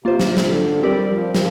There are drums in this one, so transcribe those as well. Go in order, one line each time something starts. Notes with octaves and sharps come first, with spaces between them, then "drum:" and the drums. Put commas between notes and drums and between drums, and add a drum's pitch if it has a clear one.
C3 A#3 F4 C5
drum: snare
F3, drum: snare
D3
G3 C4 G4 A#4 D5
F3
F3, drum: snare